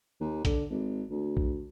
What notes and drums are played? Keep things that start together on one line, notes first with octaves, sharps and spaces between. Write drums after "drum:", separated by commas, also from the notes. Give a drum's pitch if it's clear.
D#2
D3, drum: kick A#1, hi-hat
G#1
D2
drum: kick A#1